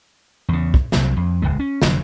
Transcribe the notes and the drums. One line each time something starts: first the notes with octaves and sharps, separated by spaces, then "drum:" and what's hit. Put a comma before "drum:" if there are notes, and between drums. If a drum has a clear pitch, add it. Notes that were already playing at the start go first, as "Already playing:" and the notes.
E2 C#3
drum: kick
C2 C3 F#3, drum: snare
F2
D1 G#1 C#2 G#3
C#4
F1 D3 F#3, drum: snare